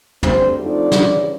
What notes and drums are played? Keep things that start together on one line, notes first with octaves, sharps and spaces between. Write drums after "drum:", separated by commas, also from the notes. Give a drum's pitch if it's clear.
D2 D3 G3 C4 C5, drum: tom
D3 F3 A3 C4 D#4 D5
F#2 C#3 E3 G3, drum: snare